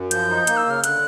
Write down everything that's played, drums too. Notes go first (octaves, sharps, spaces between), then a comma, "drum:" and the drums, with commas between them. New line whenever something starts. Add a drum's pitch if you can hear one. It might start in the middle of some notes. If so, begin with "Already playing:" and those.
Already playing: F#2
F3 G6, drum: hi-hat
D#4
A#3, drum: hi-hat
E6
C#3 F6
D3 F#6, drum: hi-hat